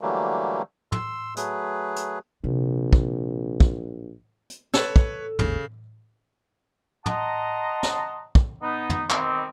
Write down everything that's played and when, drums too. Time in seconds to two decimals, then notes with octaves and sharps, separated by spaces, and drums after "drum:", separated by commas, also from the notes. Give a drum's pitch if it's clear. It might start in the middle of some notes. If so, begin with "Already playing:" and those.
0.01 D3 E3 F#3 G3 A3 A#3
0.92 C6 E6, drum: tom
1.37 F#3 A3 G#4 B4, drum: hi-hat
1.96 drum: hi-hat
2.44 A#1 C3
2.93 drum: kick
3.60 drum: kick
4.50 drum: hi-hat
4.74 A4 B4 C#5 E6, drum: snare
4.96 drum: kick
5.39 G#1 D#2 C#3, drum: tom
7.06 D#5 F#5 A5 A#5 C6 D#6, drum: tom
7.83 drum: snare
8.35 drum: kick
8.62 B3 D#4
8.90 drum: tom
9.10 B2 D#3 G3 C4, drum: clap